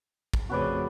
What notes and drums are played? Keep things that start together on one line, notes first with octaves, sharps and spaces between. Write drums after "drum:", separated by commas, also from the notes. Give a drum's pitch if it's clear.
drum: kick
F2 C#3 A3 F#4 B4 D5